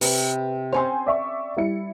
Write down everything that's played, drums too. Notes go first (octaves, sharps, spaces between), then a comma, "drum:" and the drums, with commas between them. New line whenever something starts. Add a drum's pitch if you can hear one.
C3 B4, drum: open hi-hat
C4 C#4 C5 F5 G#5 C6
D5 E5 C#6
G3 E4 C#7